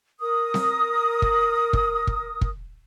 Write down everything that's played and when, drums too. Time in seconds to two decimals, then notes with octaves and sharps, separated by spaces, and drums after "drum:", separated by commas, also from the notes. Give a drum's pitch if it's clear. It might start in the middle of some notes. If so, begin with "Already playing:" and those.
0.20 A#4 D#6
0.54 drum: snare C4
1.22 drum: kick
1.73 drum: kick
2.07 drum: kick
2.41 drum: kick